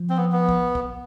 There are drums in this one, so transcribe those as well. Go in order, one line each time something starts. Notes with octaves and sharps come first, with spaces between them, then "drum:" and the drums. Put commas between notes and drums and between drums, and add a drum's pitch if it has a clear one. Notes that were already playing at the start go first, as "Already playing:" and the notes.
Already playing: F3
C4
B3
B3
drum: kick
drum: kick